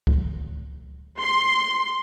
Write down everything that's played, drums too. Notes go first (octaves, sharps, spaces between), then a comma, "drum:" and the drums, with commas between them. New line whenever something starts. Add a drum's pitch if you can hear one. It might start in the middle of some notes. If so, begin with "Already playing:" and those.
drum: kick C#2
C6